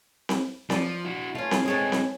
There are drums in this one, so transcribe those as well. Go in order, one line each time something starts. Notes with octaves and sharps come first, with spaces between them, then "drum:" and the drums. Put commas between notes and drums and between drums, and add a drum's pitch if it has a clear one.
drum: snare C4
F3 D5, drum: snare C4
E4 F#4
A3 C#4 F4
drum: snare C4
G#3 C4 G#4 C#5 A5
drum: snare C4